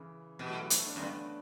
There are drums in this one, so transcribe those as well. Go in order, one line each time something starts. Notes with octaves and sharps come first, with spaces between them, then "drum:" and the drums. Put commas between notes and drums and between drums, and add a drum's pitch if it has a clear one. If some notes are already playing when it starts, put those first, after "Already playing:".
Already playing: C#3 E3
B2 E3 G3
F#3 A3
G3 B3
A3 C#4, drum: hi-hat
B3 D4
F#2
G2 B3 D4